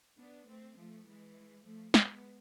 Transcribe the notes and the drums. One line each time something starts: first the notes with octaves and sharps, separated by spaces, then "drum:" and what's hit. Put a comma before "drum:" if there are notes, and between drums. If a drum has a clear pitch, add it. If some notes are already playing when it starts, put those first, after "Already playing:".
B3 D4
A3 C4
F3 A3
E3 G#3
F3 A3
G#3 B3, drum: snare